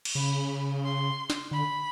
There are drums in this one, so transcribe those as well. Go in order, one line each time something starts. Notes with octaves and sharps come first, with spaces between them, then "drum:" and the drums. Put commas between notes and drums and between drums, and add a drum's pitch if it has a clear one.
drum: cymbal
C#3 B5
C6
drum: snare
D3 B5